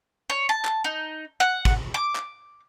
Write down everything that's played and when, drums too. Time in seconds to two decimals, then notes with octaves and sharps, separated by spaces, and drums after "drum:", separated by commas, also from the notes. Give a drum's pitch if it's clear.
0.30 C#5
0.49 A5
0.65 drum: clap
0.84 D#4
1.40 F#5
1.65 drum: kick G#1
1.94 D6
2.16 drum: clap